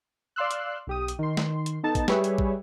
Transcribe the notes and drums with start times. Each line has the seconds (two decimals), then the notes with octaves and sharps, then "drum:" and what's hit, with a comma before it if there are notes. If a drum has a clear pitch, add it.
0.36 D5 F5 C6 E6 F#6
0.51 drum: hi-hat
0.87 B1 G4 D#6
1.08 drum: hi-hat
1.19 D#3 C6
1.37 drum: snare
1.66 drum: hi-hat
1.83 B3 D#4 A4 A5
1.95 drum: kick A1, hi-hat
2.08 G3 G4 G#4 B4 C#5 E5, drum: snare
2.24 drum: hi-hat
2.38 drum: kick A1